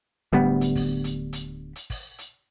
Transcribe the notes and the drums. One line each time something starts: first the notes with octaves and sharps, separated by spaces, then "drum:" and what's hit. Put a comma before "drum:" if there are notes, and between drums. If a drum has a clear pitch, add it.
D1 D2 G3 B3
drum: hi-hat
drum: kick, open hi-hat
drum: hi-hat
drum: hi-hat
drum: hi-hat
drum: kick, open hi-hat
drum: hi-hat